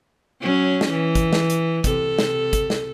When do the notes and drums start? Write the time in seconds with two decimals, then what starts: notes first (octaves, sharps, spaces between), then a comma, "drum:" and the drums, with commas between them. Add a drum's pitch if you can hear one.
0.41 F#3 C#4
0.81 drum: snare
0.91 E3
1.15 drum: kick, hi-hat
1.33 drum: snare
1.50 drum: hi-hat
1.84 C3 A4, drum: kick, hi-hat
2.19 drum: snare
2.53 drum: kick, hi-hat
2.70 drum: snare